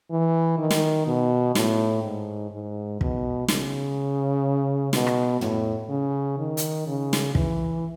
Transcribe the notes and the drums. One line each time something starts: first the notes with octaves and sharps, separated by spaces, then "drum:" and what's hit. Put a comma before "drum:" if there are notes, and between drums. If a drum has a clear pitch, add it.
E3
D#3
drum: snare
B2
A2, drum: snare
G#2
G#2
B2, drum: kick
C#3, drum: snare
B2, drum: snare
drum: rim click
A2, drum: tom
C#3
D#3
drum: hi-hat
C#3
drum: snare
E3, drum: kick